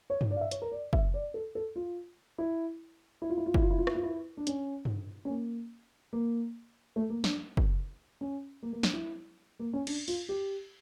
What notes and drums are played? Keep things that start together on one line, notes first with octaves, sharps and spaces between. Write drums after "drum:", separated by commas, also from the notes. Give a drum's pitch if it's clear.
C#5
drum: tom G2
D5
F5
E5
C#5, drum: hi-hat
A#4
D5
E5, drum: kick
D5
A4
A4
F4
E4
E4
F4
E4
F4
E4, drum: kick
F4
E4
F4
E4, drum: rim click
F4
E4
D4
C#4, drum: hi-hat
drum: tom G2
C#4
A#3
A#3
A3
A#3
D4, drum: snare
drum: kick
C#4
A#3
A#3
D4, drum: snare
E4
A#3
C#4
D4, drum: cymbal
F4, drum: open hi-hat
G4